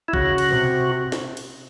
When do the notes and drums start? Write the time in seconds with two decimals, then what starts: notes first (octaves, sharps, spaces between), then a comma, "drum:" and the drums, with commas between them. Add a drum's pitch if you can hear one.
0.08 E4
0.13 C#3 F#4, drum: kick A1
0.38 drum: cymbal
0.50 C3
1.12 drum: snare
1.37 drum: cymbal